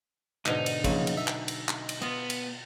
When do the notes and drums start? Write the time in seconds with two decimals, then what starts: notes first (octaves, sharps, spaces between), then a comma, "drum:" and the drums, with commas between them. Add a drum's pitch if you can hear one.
0.46 G#2 B2 D3 D#4, drum: clap
0.66 drum: cymbal
0.84 A#1 C#3 F#3, drum: kick, cymbal
1.07 drum: cymbal
1.17 E5
1.27 drum: clap
1.48 drum: cymbal
1.68 drum: clap
1.89 drum: cymbal
2.02 B3 F4 D#5
2.30 drum: cymbal